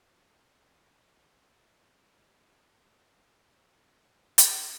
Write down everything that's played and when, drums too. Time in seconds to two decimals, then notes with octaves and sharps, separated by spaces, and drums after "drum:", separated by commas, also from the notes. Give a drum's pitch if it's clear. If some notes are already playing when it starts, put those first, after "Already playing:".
Already playing: A2 E3 A3 E6
0.10 D6
0.29 B5
0.47 A2 E3 A3 A5
0.75 G#5
1.03 F#2 D3 A3 E5
1.31 C#5
1.58 F#2 D3 A3 B4
1.86 A4
2.14 A2 G#3 C#4 B4
2.70 A2 G#3 C#4
3.19 C#5
3.25 E2 B2 A3 C#4 D5
3.39 B5
3.53 D6
3.67 E6
3.81 B2 A3 C#4 D6
4.38 drum: hi-hat